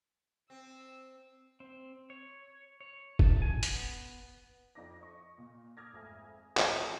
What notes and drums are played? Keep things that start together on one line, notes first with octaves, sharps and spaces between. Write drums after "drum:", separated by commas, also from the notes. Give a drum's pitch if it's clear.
C4 E6
C4
C#5
C#5
A5, drum: kick
G#5
B3, drum: hi-hat
F2 F3 D#4 D5 D6 A#6
D#5 C#6
A#2
D6 D#6 F6 G#6 A#6
G#1 F2 A3 E5 G#5
G#1 E4 F5, drum: clap